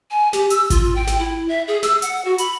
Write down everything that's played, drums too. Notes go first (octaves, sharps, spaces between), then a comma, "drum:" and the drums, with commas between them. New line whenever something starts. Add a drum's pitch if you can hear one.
G#5
G4, drum: snare
E6, drum: hi-hat
F4, drum: kick G#1, hi-hat
G5
drum: snare
E4
E5
G#4
E6, drum: snare
F#5, drum: hi-hat
F#4
B5, drum: hi-hat